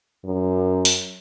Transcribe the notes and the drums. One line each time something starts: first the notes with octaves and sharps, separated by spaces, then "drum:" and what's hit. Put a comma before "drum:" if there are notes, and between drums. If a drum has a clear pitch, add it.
F#2
drum: open hi-hat